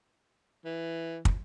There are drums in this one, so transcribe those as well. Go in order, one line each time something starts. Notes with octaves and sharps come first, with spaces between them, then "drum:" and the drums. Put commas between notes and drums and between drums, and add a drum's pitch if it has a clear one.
E3
drum: kick